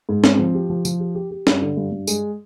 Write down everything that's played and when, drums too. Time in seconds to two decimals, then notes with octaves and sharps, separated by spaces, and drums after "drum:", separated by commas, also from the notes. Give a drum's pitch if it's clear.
0.09 G#2
0.24 C4, drum: snare C#4
0.39 F3
0.55 G4
0.70 F3
0.85 F3, drum: tambourine
1.00 G4
1.15 G4
1.31 G4
1.47 G2, drum: snare C#4
1.62 D3
1.77 G2
1.92 G2
2.07 G#3, drum: tambourine